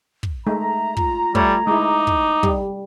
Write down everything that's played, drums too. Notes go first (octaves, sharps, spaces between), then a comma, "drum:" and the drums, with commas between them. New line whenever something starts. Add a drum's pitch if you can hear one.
drum: kick
G#3 A3 D#4 E5 A#5
F4, drum: kick
G3 A3 C#5, drum: kick
G#3 D#4 E4 D6
drum: kick
G3, drum: kick